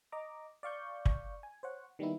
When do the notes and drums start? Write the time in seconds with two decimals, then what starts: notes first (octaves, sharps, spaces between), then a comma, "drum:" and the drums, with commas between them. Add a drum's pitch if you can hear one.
0.12 D#5 A#5 D6
0.63 D5 F5 C#6 G6
1.05 drum: kick
1.43 G#5
1.63 C5 C#5 F#5
1.99 D#3 G3 A#3 B3 D#4 E4